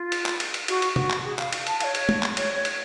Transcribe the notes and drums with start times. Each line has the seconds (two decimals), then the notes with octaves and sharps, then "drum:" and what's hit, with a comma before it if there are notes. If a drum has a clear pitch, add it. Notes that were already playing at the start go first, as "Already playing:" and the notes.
Already playing: F4
0.12 drum: cymbal
0.26 drum: clap
0.40 drum: cymbal
0.54 drum: cymbal
0.68 F#4, drum: cymbal
0.82 drum: cymbal
0.96 F#4, drum: tom
1.10 drum: clap
1.24 G#4
1.39 F5, drum: clap
1.53 drum: cymbal
1.67 A5, drum: cymbal
1.80 F5, drum: cymbal
1.84 C#5
1.95 drum: cymbal
2.09 drum: tom
2.23 drum: clap
2.37 C#5, drum: cymbal
2.56 C#5
2.65 drum: cymbal